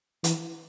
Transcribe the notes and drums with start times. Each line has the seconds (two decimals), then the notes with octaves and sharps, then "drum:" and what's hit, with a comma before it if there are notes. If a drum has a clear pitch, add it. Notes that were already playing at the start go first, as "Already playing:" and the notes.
0.24 E3, drum: hi-hat